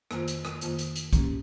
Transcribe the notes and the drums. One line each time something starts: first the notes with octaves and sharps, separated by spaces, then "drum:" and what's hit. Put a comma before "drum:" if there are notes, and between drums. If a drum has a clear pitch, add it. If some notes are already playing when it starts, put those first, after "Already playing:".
F2 D#3 A#3 F4 C5, drum: rim click
drum: hi-hat
drum: rim click
F2 D#3 A#3 F4 C5, drum: hi-hat
drum: hi-hat
drum: hi-hat
G#2 F3 A#3 C#4 G4, drum: kick, hi-hat